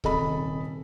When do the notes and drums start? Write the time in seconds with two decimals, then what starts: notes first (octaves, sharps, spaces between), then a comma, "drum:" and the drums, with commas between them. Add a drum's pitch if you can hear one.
0.04 D#1 C3 A4 D#5 B5, drum: kick C#1